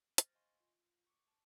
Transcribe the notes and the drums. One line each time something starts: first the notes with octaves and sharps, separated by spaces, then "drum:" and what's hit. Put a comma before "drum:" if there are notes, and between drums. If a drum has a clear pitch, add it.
C5 F6 A6 A#6, drum: hi-hat
D#5 F5 G#5 C6 C#6
F4
C#6 D6
A5